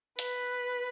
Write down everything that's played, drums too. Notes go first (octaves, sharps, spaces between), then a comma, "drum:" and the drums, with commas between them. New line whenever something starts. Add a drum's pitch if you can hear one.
B4, drum: hi-hat